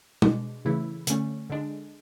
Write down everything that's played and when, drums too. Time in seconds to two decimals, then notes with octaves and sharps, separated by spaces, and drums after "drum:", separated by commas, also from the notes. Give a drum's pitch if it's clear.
0.22 B2 G#3 D4, drum: tom
0.65 C#3 E3 A3 E4
1.07 D3 A3 C#4, drum: hi-hat
1.50 D3 G#3 D4